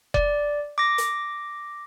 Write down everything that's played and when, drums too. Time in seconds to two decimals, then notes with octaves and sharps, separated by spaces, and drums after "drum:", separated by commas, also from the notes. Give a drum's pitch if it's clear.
0.14 D5, drum: kick F1
0.78 D6 A#6
0.98 drum: hi-hat